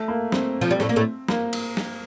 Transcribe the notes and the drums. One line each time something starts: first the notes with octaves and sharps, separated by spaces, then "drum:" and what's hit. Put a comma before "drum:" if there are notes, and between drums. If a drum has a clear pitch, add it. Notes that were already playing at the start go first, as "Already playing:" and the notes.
Already playing: A3
A#3
C4, drum: snare
F3
G3
A2 A3, drum: snare
A#3
A2 A3
A#3, drum: snare
drum: cymbal
drum: snare